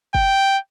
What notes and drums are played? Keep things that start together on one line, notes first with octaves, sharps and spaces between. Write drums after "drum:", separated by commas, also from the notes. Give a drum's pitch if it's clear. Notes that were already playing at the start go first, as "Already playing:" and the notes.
G5, drum: kick